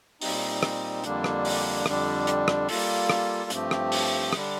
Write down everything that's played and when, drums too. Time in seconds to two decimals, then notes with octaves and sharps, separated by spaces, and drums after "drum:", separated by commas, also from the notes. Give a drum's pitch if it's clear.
0.21 A#2 G3 C4 D#4, drum: open hi-hat
0.63 drum: rim click
1.04 F2 D3 G3 A#3 D4, drum: hi-hat
1.24 drum: rim click
1.45 drum: open hi-hat
1.86 F2 D3 G3 D4, drum: rim click
2.27 drum: hi-hat
2.48 drum: rim click
2.69 G3 A#3 F4 A4, drum: open hi-hat
3.10 drum: rim click
3.50 G2 F3 A3 C4 G4, drum: hi-hat
3.71 drum: rim click
3.92 drum: open hi-hat
4.33 D3 G3 D4, drum: rim click